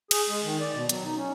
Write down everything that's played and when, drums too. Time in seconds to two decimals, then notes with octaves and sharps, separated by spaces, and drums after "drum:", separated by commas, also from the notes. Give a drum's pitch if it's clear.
0.11 G#4, drum: cymbal
0.28 G#3
0.43 D#3
0.60 D5
0.74 B2
0.89 F#3, drum: hi-hat
1.04 D#4
1.16 C#4